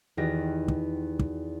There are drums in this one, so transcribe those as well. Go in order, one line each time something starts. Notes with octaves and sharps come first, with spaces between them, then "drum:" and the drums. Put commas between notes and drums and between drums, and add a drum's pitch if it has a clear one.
E2 D#3 F#4 G4 A#6
drum: kick
drum: kick